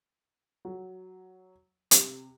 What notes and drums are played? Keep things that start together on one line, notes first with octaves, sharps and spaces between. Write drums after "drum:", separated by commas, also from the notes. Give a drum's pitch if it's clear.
F#3
C3, drum: hi-hat